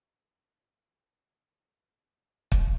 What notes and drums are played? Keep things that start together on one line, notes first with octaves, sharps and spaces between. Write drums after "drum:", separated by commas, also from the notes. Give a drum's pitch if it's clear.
B2 A3
drum: kick